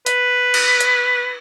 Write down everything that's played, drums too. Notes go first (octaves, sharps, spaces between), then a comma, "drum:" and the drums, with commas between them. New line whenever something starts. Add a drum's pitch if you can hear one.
B4, drum: hi-hat
drum: cymbal
drum: hi-hat